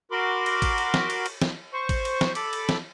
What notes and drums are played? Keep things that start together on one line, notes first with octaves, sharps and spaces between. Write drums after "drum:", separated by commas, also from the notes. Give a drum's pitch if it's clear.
F#4 A#4 B5 C6 D6
drum: cymbal
drum: kick, cymbal
drum: cymbal
drum: snare
drum: cymbal
drum: cymbal
drum: snare
C5 C#6
drum: kick, cymbal
drum: cymbal
drum: snare
A4 B5 D6, drum: cymbal
drum: cymbal
drum: snare